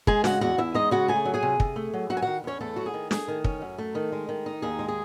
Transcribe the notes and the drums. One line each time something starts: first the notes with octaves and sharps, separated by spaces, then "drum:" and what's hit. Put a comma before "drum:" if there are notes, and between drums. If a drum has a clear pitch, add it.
G#3 G#4 G#5, drum: kick
C#3 F#4 F#5, drum: snare
E2 F#4 F#5
E2 E4 E5
G#3 D#4 D#5
C#3 F#4 F#5
A3 G#4 G#5
F#3
G#4 G#5
C3
C3, drum: kick
A3
F#3
F#3 F#4 F#5
G#5
D#3 F#4 F#5
E2 C#4 C#5
E2 A3 A4
F#3 F#4
G#4
D#3
A3 G#4, drum: snare
D#3
C#4, drum: kick
F#2
A3
D#3
G#3
D#3
D#4
D#2 G#4
G#3
G#4